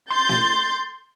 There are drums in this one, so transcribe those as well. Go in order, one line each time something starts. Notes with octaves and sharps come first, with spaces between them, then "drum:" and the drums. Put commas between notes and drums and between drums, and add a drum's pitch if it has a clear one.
C6 G6 A6
drum: snare